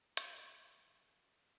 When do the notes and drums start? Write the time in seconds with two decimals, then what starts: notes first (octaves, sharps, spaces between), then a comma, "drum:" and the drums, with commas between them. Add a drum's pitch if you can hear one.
0.02 G1
0.17 F#2 C#3 F3, drum: hi-hat
0.32 G1
0.48 F#2 C#3 F3
0.62 G#1
0.77 G#2 D#3 F#3